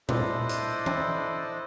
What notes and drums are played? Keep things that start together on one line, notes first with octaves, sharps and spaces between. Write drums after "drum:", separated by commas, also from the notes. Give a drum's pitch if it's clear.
D4 E4 A4 C5 D5 D#5, drum: tom
drum: hi-hat
drum: tom E3